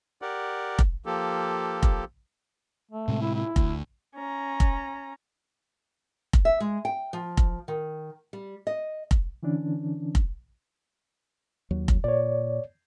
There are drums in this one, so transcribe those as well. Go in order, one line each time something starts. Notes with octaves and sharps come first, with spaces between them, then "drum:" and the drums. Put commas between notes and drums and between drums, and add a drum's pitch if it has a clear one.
G4 A#4 D5 F#5
drum: kick F1
F3 A#3 G4 A4
drum: kick F1
A3
A2 C3 G#3
E4
E4
D2, drum: kick F1
C#4 A#5
drum: kick F1
drum: kick F1
E5
G#3
G5
F3
drum: kick F1
D#3
G3
D#5
drum: kick F1
D3 E3 C#4 D4
drum: kick F1
D#2 F#3
drum: kick F1
A#2 C#5 D5